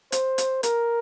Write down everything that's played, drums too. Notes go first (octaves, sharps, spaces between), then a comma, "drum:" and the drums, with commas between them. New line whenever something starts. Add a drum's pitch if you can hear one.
C5, drum: hi-hat
drum: hi-hat
A#4, drum: hi-hat